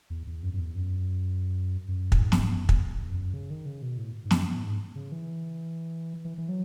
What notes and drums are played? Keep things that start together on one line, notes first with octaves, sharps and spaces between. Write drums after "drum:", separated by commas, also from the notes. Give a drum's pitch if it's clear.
E2
E2
F#2
F#2
E2
F#2
F#2
G#2, drum: kick
F#2, drum: snare
G#2
F#2
E2, drum: kick
E2
F#2
C#3
D#3
C#3
B2
A2
G#2
F#2, drum: snare
A2
G#2
C#3
E3
E3
E3
F#3